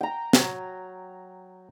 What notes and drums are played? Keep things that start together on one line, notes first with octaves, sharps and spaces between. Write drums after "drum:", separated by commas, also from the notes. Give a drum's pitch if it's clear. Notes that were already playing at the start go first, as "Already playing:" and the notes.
G5 A#5
F#3, drum: snare